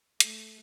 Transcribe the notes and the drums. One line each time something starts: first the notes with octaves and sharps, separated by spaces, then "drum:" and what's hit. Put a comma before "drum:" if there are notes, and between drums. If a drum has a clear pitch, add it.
A3, drum: hi-hat